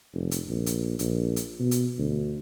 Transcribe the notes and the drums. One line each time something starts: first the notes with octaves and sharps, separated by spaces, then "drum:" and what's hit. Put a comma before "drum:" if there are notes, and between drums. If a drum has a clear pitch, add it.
F1
drum: hi-hat
A#1
drum: hi-hat
A#1, drum: hi-hat
drum: hi-hat
B2
drum: hi-hat
D2